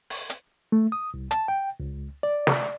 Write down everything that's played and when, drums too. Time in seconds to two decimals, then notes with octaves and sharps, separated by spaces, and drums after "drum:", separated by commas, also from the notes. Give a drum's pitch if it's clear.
0.10 drum: open hi-hat
0.30 drum: hi-hat
0.72 A3
0.92 D#6
1.14 C2
1.31 A5, drum: hi-hat
1.48 G5
1.80 C#2
2.23 D5
2.47 drum: snare